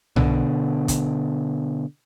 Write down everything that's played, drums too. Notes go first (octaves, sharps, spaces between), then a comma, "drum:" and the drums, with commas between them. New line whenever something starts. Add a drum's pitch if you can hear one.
B2 D3, drum: tom
drum: kick, hi-hat